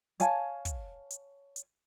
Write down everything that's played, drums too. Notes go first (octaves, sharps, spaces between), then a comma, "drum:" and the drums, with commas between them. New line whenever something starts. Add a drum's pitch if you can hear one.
C#5 F5 G#5 A5, drum: hi-hat
drum: kick, hi-hat
drum: hi-hat
drum: hi-hat